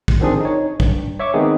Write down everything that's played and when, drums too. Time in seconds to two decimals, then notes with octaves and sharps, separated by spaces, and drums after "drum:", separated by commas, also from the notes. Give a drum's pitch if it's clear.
0.08 drum: kick
0.20 D3 D#3 F3 C4 D4 G#4
0.41 D#4 C#5
0.80 G2, drum: kick
1.19 C#5 E5 C#6 D6
1.34 D#3 G#3 B3 C4 D#4 G#4